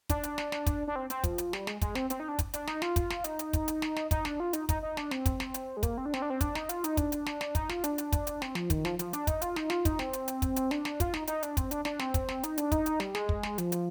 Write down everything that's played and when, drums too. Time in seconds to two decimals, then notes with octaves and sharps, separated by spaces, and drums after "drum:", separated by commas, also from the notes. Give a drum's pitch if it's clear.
0.09 D4, drum: kick, hi-hat
0.23 drum: hi-hat
0.38 drum: snare
0.52 drum: snare
0.66 drum: kick, hi-hat
0.87 D4
0.96 C4
1.10 C4, drum: hi-hat
1.24 F3, drum: kick, hi-hat
1.38 drum: hi-hat
1.53 G3, drum: snare
1.67 G#3, drum: snare
1.81 G#3, drum: kick, hi-hat
1.95 C4, drum: snare
2.10 C4, drum: hi-hat
2.20 D#4
2.28 D4
2.39 drum: kick, hi-hat
2.54 D4, drum: hi-hat
2.67 D#4, drum: snare
2.82 F4, drum: snare
2.96 drum: kick, hi-hat
3.10 drum: snare
3.24 D#4, drum: hi-hat
3.39 drum: hi-hat
3.53 drum: kick, hi-hat
3.68 drum: hi-hat
3.82 drum: snare
3.96 drum: snare
4.11 D#4, drum: kick, hi-hat
4.25 D4, drum: snare
4.40 F4
4.53 D#4, drum: hi-hat
4.69 D#4, drum: kick, hi-hat
4.82 D#4
4.97 D4, drum: snare
5.11 C4, drum: snare
5.26 drum: kick, hi-hat
5.40 drum: snare
5.54 drum: hi-hat
5.77 G#3
5.83 A#3, drum: kick, hi-hat
5.98 C4
6.06 D4
6.14 C4, drum: snare
6.22 D4
6.30 C4
6.41 D4, drum: kick, hi-hat
6.55 D#4, drum: snare
6.69 F4, drum: hi-hat
6.84 D#4, drum: hi-hat
6.97 D4, drum: kick, hi-hat
7.12 drum: hi-hat
7.26 drum: snare
7.41 drum: snare
7.55 D#4, drum: kick, hi-hat
7.69 F4, drum: snare
7.84 D4, drum: hi-hat
7.98 drum: hi-hat
8.12 drum: kick, hi-hat
8.27 drum: hi-hat
8.42 C4, drum: snare
8.55 F3, drum: snare
8.70 D#3, drum: kick, hi-hat
8.85 F3, drum: snare
8.99 F3, drum: hi-hat
9.13 D4, drum: hi-hat
9.27 D#4, drum: kick, hi-hat
9.42 F4, drum: hi-hat
9.56 D#4, drum: snare
9.70 F4, drum: snare
9.85 D#4, drum: kick, hi-hat
9.99 C4, drum: snare
10.13 drum: hi-hat
10.28 drum: hi-hat
10.42 drum: kick, hi-hat
10.56 drum: hi-hat
10.71 D4, drum: snare
10.85 drum: snare
11.00 F4, drum: kick, hi-hat
11.14 D#4, drum: snare
11.27 D#4, drum: hi-hat
11.43 D4, drum: hi-hat
11.57 C4, drum: kick, hi-hat
11.71 D4, drum: hi-hat
11.85 D4, drum: snare
11.99 C4, drum: snare
12.14 drum: kick, hi-hat
12.29 drum: snare
12.43 D#4, drum: hi-hat
12.58 D4, drum: hi-hat
12.72 D#4, drum: kick, hi-hat
12.86 drum: hi-hat
13.00 G3, drum: snare
13.15 G#3, drum: snare
13.29 drum: kick
13.43 drum: snare
13.58 F3, drum: hi-hat
13.72 drum: hi-hat